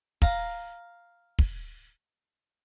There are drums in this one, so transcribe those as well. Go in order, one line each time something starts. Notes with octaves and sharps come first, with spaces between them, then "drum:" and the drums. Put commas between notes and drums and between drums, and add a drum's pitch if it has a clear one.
F5 A#5, drum: kick
drum: kick